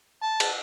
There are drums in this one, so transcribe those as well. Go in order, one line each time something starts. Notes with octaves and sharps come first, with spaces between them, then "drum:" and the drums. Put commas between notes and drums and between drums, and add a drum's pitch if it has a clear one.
A5
drum: cymbal